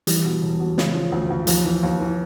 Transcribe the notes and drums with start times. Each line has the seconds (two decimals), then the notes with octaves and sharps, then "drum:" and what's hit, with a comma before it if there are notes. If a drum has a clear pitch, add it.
0.07 E3 G3, drum: hi-hat
0.25 B2
0.42 E1
0.60 B2
0.78 C#3, drum: snare
0.95 F3
1.12 D2
1.30 D2
1.47 D#2 F3, drum: hi-hat
1.65 E3
1.83 D#2
2.00 E3